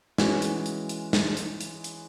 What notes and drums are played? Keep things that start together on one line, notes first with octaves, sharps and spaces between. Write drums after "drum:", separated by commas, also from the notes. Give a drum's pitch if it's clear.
E3 G#3 C#4 F#4, drum: snare
drum: hi-hat
drum: hi-hat
drum: hi-hat
drum: snare
drum: hi-hat
drum: hi-hat
drum: hi-hat